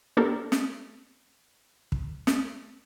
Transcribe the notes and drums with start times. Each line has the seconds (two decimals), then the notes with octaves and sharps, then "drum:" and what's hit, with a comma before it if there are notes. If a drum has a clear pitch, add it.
0.17 A#3 B3 D4 G4 A4 A#4
0.52 drum: snare
1.92 drum: kick
2.27 drum: snare